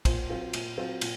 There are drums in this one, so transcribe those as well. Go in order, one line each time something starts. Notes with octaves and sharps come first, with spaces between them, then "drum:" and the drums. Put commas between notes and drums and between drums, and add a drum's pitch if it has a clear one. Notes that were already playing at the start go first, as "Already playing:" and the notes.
A#2 C5, drum: kick, cymbal
F#3 C4 F4
A#2, drum: cymbal
F#3 C4 F4
A#2, drum: cymbal